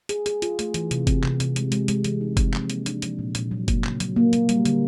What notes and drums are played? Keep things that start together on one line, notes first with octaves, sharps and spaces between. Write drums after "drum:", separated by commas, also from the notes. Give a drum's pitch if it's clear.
G#4, drum: hi-hat
G#4, drum: hi-hat
F4, drum: hi-hat
A3, drum: hi-hat
E3, drum: hi-hat
C3, drum: hi-hat
C4, drum: kick F#1, hi-hat
C3, drum: clap
C3, drum: hi-hat
G#3, drum: hi-hat
G#3, drum: hi-hat
G#3, drum: hi-hat
E3, drum: hi-hat
D#4
C4, drum: kick F#1, hi-hat
F3, drum: clap
A#3, drum: hi-hat
D4, drum: hi-hat
F3, drum: hi-hat
A#2
A#2, drum: hi-hat
F#3
A#3, drum: kick F#1, hi-hat
C#3, drum: clap
F#3, drum: hi-hat
A#3
F#3, drum: hi-hat
G3, drum: hi-hat
D3, drum: hi-hat